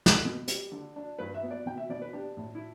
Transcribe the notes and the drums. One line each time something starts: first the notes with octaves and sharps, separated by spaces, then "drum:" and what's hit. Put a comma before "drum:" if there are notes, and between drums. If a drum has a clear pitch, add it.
drum: snare
B2
G3, drum: hi-hat
D3
D4
G2 B4
E5
B3
D5
B2 G5
E5
B2 D5
B4
D4 G4
A2
E4